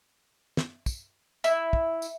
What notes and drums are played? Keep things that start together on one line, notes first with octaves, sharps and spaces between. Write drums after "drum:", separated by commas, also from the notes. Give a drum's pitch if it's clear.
drum: snare
drum: kick, tambourine
E4, drum: tambourine
drum: kick
drum: tambourine